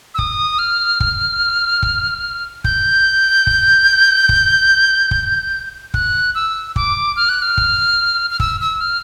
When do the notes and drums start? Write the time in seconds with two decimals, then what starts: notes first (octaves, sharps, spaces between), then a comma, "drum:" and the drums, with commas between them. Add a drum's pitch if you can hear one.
0.14 E6
0.19 D#6, drum: kick
0.59 F6
1.00 drum: kick
1.83 drum: kick
2.64 G6, drum: kick
3.47 drum: kick
4.29 drum: kick
5.11 drum: kick
5.94 F#6, drum: kick
6.35 E6
6.76 D6, drum: kick
7.16 F6
7.29 F#6
7.42 F6
7.57 drum: kick
8.30 F6
8.40 E6, drum: kick
8.61 E6
8.80 F6